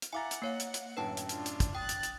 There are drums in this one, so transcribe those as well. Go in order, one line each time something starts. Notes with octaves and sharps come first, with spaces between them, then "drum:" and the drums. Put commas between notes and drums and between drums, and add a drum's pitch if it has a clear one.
drum: hi-hat
E4 F5 F#5 G#5 A#5 D6 A6
drum: hi-hat
A#3 C#5 F5 C7
drum: hi-hat
drum: hi-hat
F#2 A2 D3 B4 G5 A5
drum: hi-hat
D4 F4, drum: hi-hat
drum: hi-hat
drum: kick, hi-hat
G5 D#6 F#6 A6
drum: hi-hat
drum: hi-hat